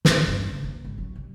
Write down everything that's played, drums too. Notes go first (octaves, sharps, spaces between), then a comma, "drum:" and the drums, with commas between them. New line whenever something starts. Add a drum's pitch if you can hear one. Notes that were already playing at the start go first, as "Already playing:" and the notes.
G#2, drum: snare
G2
C#3
A#3
G#1
F#3
C2